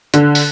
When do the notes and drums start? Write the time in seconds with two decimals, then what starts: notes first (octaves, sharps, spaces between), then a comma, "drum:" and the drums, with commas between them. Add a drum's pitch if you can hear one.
0.14 D3, drum: hi-hat
0.35 drum: open hi-hat